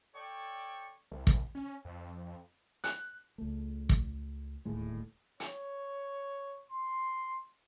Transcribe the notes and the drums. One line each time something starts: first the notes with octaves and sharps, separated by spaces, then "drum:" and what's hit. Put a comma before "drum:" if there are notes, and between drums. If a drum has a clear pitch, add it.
A4 C#5 D5 G5 C#6
C2
drum: kick
C#4
F2
F#6, drum: hi-hat
C#2 A3
drum: kick
D1 D#2 A2 G#3
C#5, drum: hi-hat
C6